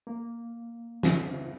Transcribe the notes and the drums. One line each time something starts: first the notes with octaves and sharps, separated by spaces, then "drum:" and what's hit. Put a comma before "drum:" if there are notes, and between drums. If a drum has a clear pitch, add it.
A#3
drum: snare